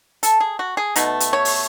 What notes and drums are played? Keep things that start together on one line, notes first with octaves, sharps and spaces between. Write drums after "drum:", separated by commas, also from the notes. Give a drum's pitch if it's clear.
A4, drum: hi-hat
G#4
F#4
G#4
B2 A3 D#4 B4, drum: hi-hat
drum: hi-hat
C#5
drum: open hi-hat